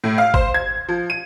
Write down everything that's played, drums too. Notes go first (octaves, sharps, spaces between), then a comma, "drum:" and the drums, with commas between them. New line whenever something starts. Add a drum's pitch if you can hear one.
A2
F5
C5, drum: kick
G#6
F3
D#7